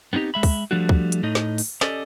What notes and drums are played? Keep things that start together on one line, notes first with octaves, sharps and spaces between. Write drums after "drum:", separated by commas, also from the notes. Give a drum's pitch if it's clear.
B3 C4 D4 D#4 G4
G#3 E5 B5
drum: kick, open hi-hat
F3 G3 A3 D4 F#4
drum: kick
drum: hi-hat
A2 A3 D#4 D#5
drum: snare
drum: open hi-hat
C#4 G4 A4 D5 D#5, drum: snare